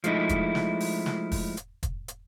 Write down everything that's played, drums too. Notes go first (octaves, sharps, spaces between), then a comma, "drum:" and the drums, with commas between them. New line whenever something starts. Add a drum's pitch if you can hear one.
F3 G#3 A3 D#4 E4, drum: hi-hat
drum: kick, hi-hat
drum: snare
drum: open hi-hat
drum: snare
drum: kick, open hi-hat
drum: hi-hat
drum: kick, hi-hat
drum: hi-hat